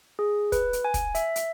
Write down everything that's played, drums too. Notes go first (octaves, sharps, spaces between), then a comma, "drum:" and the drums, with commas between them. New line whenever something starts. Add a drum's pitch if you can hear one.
G#4
B4, drum: kick, hi-hat
drum: hi-hat
G#5
drum: kick, hi-hat
E5, drum: hi-hat
drum: hi-hat